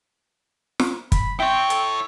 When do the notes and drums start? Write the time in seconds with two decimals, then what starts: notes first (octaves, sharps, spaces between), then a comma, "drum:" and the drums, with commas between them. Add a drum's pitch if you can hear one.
0.80 drum: snare
1.12 B5, drum: kick, hi-hat
1.40 C4 E4 C#5 G5
1.70 A4, drum: hi-hat